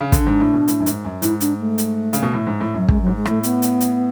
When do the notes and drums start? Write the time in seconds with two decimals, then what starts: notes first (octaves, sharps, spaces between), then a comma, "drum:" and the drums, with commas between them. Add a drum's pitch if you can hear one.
0.01 C#3
0.12 D3 D4, drum: kick, hi-hat
0.27 G#2
0.40 A2
0.54 B2
0.68 A2, drum: hi-hat
0.80 F#2
0.86 G#2, drum: hi-hat
1.05 F#2
1.22 G#2 E4, drum: hi-hat
1.40 D4, drum: hi-hat
1.59 A3
1.78 drum: hi-hat
2.13 C#3, drum: hi-hat
2.23 B2
2.34 A2
2.47 G#2
2.61 A2
2.74 F#2 F#3
2.88 F#2 G#3, drum: kick
3.02 G#2 F#3
3.16 G#3
3.25 A2 A3, drum: rim click
3.43 B3, drum: hi-hat
3.62 drum: hi-hat
3.80 drum: hi-hat